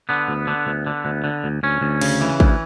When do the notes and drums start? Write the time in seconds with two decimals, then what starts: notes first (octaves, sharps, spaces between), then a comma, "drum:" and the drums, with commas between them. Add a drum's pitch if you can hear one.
0.09 D3 B3
0.28 D2
0.47 D3
0.67 D2
0.86 D3
1.05 D2
1.24 D3
1.44 D2
1.63 D2 C#4
1.81 D2
2.01 C#3, drum: cymbal
2.21 E3
2.40 D2, drum: kick